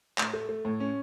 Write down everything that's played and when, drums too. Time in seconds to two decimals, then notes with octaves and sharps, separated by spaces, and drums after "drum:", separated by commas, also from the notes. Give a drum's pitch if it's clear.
0.18 A2, drum: clap
0.33 A3
0.49 A3
0.65 A2
0.80 C#4